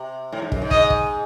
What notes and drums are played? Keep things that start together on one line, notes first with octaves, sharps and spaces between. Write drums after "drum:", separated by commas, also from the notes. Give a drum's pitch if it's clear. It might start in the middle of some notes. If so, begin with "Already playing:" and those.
Already playing: C3
A2
G#2
F#2, drum: kick
G#2
D#5, drum: kick
drum: kick